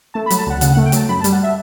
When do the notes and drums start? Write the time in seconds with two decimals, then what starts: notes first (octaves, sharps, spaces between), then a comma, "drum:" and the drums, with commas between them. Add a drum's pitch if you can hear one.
0.14 A3 A5
0.26 B5
0.30 F#3, drum: hi-hat
0.39 A5
0.46 D2 F#5
0.61 C#3 F#5, drum: hi-hat
0.73 F#5
0.77 A3
0.86 G5
0.92 F#3 A5, drum: hi-hat
1.09 F#2 B5
1.20 A5
1.24 G3, drum: hi-hat
1.32 F#5
1.43 E5